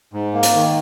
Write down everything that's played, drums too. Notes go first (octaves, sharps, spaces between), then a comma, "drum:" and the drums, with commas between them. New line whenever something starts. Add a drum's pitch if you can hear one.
G#2
A#3
drum: hi-hat
D#3